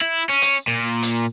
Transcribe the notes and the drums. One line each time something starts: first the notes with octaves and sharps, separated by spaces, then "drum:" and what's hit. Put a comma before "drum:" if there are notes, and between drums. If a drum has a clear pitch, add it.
E4
C#4
drum: hi-hat
A#2
drum: hi-hat